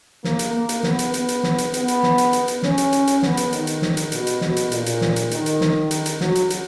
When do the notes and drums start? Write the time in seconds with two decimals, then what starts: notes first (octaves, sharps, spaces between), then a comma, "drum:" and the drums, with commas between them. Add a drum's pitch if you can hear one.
0.24 A#3, drum: snare
0.39 drum: hi-hat
0.53 A#3
0.69 drum: hi-hat
0.83 B3, drum: snare
0.99 drum: hi-hat
1.14 B3, drum: hi-hat
1.28 drum: hi-hat
1.43 drum: snare
1.58 drum: hi-hat
1.74 B3, drum: hi-hat
1.88 drum: hi-hat
2.03 drum: snare
2.18 drum: hi-hat
2.33 drum: hi-hat
2.48 drum: hi-hat
2.63 C#4, drum: snare
2.78 drum: hi-hat
2.93 drum: hi-hat
3.07 drum: hi-hat
3.22 B3, drum: snare
3.37 drum: hi-hat
3.53 D#3, drum: hi-hat
3.67 drum: hi-hat
3.82 drum: snare
3.97 drum: hi-hat
4.12 B2, drum: hi-hat
4.27 drum: hi-hat
4.41 B2, drum: snare
4.57 drum: hi-hat
4.72 A#2, drum: hi-hat
4.86 drum: hi-hat
5.01 drum: snare
5.16 drum: hi-hat
5.31 D#3, drum: hi-hat
5.46 drum: hi-hat
5.61 drum: snare
5.91 drum: hi-hat
6.06 drum: hi-hat
6.21 F#3, drum: snare
6.35 drum: hi-hat
6.50 drum: hi-hat